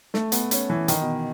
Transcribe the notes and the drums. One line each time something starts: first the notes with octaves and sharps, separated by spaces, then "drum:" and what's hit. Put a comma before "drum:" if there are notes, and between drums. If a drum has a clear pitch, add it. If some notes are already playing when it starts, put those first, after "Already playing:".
A3, drum: snare
B3, drum: hi-hat
C#4, drum: hi-hat
E3
D#3, drum: hi-hat
B2